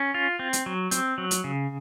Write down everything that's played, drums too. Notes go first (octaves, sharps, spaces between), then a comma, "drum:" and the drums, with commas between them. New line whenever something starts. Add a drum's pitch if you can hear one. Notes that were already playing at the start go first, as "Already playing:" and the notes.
Already playing: C#4
F4
C4
drum: hi-hat
F#3
C4, drum: hi-hat
F#3
drum: hi-hat
C#3